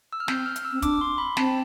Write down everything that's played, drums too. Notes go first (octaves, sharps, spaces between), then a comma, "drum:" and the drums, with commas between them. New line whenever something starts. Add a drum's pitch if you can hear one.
E6
F6
C4 G6, drum: snare
F6
drum: hi-hat
E6
C4
D4 D6, drum: kick, hi-hat
C6
B5
C4 A5, drum: snare